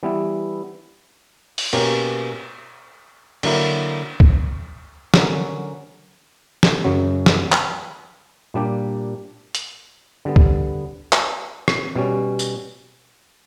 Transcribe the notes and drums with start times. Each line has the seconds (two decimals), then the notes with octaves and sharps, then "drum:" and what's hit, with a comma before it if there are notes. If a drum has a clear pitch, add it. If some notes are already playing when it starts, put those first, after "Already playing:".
0.03 E3 G3 B3 E4
1.58 drum: open hi-hat
1.73 B2 A#3 C#4 G4 A#4, drum: cymbal
3.43 D3 F#3 A#3 E4 A#4, drum: cymbal
4.20 drum: kick
5.14 D3 F#3 C#4 F#4 A#4, drum: snare
6.63 drum: snare
6.84 F#2 C#3 F#3
7.26 drum: snare
7.52 drum: clap
8.54 A#2 G3 A#3 D4 G4
9.55 drum: hi-hat
10.25 D3 G3 B3
10.36 drum: kick
11.12 drum: clap
11.68 drum: rim click
11.95 B2 G3 C#4
12.39 drum: tambourine